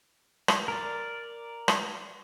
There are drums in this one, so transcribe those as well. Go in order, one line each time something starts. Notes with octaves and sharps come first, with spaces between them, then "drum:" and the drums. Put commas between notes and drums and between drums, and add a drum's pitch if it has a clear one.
drum: rim click
A#4 D5
drum: rim click